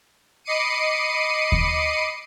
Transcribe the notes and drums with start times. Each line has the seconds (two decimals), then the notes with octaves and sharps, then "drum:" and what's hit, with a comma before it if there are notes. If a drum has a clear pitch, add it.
0.44 D#5 B5 D6 C7 C#7 D#7
1.52 drum: kick D#2